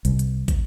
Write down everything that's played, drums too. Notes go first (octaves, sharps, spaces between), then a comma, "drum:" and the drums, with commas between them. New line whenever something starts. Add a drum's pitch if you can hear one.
C2, drum: hi-hat
drum: hi-hat
drum: kick, hi-hat